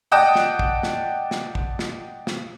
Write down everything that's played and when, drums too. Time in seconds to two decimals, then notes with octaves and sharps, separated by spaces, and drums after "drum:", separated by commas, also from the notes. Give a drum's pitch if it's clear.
0.11 D5 D#5 F#5 G5 A5 D#6
0.35 drum: snare
0.59 drum: kick
0.83 drum: snare
1.31 drum: snare
1.55 drum: kick
1.79 drum: snare
2.27 drum: snare